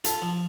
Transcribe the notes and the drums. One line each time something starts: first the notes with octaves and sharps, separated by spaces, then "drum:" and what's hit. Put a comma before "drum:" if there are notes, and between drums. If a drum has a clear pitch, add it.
F4 A4, drum: hi-hat
F3